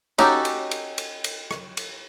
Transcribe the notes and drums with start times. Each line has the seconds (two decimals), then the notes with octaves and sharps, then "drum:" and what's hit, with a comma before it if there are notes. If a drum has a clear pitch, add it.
0.18 C#4 D#4 F#4 G4 A4, drum: cymbal
0.45 drum: cymbal
0.71 drum: cymbal
0.98 drum: cymbal
1.24 drum: cymbal
1.51 drum: rim click
1.77 drum: cymbal